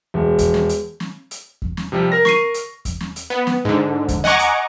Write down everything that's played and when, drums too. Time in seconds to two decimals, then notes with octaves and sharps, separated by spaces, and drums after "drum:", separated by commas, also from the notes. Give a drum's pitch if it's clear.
0.14 E1
0.38 drum: kick E2, hi-hat
0.54 drum: snare
0.69 drum: hi-hat
1.00 drum: snare
1.31 drum: hi-hat
1.62 drum: kick E2
1.77 drum: snare
1.92 C3 F3 G3
2.12 A#4 A#6
2.25 C#6 C7 D#7, drum: snare
2.54 drum: hi-hat
2.85 drum: kick E2, hi-hat
3.01 drum: snare
3.16 drum: hi-hat
3.30 B3
3.47 drum: snare
3.65 G#2 D3
4.08 drum: kick E2, hi-hat
4.24 D#5 F#5 G#5 A#5 C#6 D6, drum: snare
4.39 drum: hi-hat